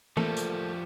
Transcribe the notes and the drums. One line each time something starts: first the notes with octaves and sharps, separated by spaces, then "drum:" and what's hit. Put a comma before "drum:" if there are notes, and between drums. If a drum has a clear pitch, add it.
F3 G3 A3 A#3 A4, drum: tom E3
drum: hi-hat